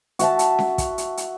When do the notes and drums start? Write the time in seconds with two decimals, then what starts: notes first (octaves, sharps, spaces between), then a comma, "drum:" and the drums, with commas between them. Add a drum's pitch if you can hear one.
0.19 F#4 E5 A5, drum: hi-hat
0.39 drum: hi-hat
0.59 drum: snare C#4
0.78 drum: kick, hi-hat
0.98 drum: hi-hat
1.17 drum: hi-hat